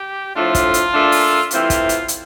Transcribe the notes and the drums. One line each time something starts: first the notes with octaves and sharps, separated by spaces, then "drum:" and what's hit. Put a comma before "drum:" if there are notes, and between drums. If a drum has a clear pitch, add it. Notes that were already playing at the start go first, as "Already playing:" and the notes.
Already playing: G4
A2 F3 A3 D4 F4
drum: kick, hi-hat
drum: hi-hat
A#2 A3 D4
drum: open hi-hat
C3 E3 A3 C4 E4 F4, drum: hi-hat
drum: kick, hi-hat
drum: hi-hat
drum: hi-hat